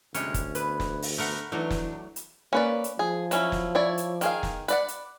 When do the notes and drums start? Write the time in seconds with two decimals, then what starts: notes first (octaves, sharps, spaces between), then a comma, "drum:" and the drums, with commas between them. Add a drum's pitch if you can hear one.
0.14 D2 G2 C3 G#3 C#4, drum: hi-hat
0.34 drum: kick, hi-hat
0.55 B3 B4, drum: hi-hat
0.80 drum: snare
1.02 drum: open hi-hat
1.18 A3 B3 A#4 F#5
1.52 E3 F#3 A3 D4 D#4
1.71 drum: snare
2.16 drum: hi-hat
2.53 A#3 C#4 B4 D5
2.84 drum: hi-hat
2.99 F3 G#4
3.31 F#3 C#4 E4, drum: hi-hat
3.52 drum: snare
3.75 E4 C#5 D5
3.98 drum: hi-hat
4.21 D#3 G#4 F5, drum: hi-hat
4.43 drum: snare
4.68 B4 D5 F#5, drum: hi-hat
4.88 drum: hi-hat